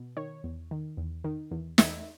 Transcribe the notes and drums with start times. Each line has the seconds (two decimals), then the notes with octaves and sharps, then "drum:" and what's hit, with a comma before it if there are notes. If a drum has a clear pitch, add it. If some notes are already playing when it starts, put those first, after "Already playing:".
Already playing: B2
0.17 D#3 C#5
0.44 E2
0.71 D#3
0.97 E2
1.24 D#3
1.51 E2
1.78 E2 E5, drum: snare